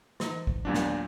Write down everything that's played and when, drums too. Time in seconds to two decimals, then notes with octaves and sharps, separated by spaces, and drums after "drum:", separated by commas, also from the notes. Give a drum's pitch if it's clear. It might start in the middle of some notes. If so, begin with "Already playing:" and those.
0.20 E3 G#3 D#4, drum: snare
0.47 drum: kick
0.65 D#2 A#2 F#3 B3 D4 D5
0.75 drum: snare